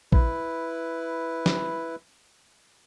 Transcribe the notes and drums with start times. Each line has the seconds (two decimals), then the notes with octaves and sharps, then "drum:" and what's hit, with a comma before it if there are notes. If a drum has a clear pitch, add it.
0.12 E4 B4, drum: kick
1.46 drum: snare